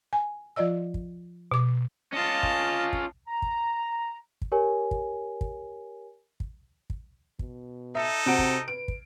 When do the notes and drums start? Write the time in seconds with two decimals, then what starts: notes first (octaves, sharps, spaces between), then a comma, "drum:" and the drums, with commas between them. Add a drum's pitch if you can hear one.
0.13 G#5
0.56 F3 F4 D5 D#5 E6
0.94 drum: kick
1.52 B2 D6
2.13 C#4 F4 D#5 A5
2.43 drum: kick
2.93 drum: kick
3.28 A#5
3.42 drum: kick
4.42 drum: kick
4.52 G4 A#4 C#5 G#5
4.91 drum: kick
5.41 drum: kick
6.40 drum: kick
6.90 drum: kick
7.39 B2, drum: kick
7.95 D#4 A4 E5
8.26 C3 C4 F#4 D7
8.39 drum: kick
8.68 B4 D7
8.88 drum: kick